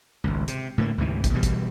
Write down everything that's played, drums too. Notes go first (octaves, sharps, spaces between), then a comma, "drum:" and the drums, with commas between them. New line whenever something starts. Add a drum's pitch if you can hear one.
G#1 C#2
C3, drum: hi-hat
A2 D3 G#3 A#3
D2 G#2 C3 E3
drum: kick, hi-hat
B2 E3 G3
drum: kick, hi-hat